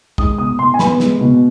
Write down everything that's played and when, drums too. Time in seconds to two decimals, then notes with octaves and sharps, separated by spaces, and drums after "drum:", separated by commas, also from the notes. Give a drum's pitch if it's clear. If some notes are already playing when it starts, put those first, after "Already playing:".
0.18 G#3 D#6, drum: kick
0.38 B2 D#6
0.59 B2 C6
0.74 G#5
0.79 B3 B5, drum: snare
1.00 G#3, drum: snare
1.21 B2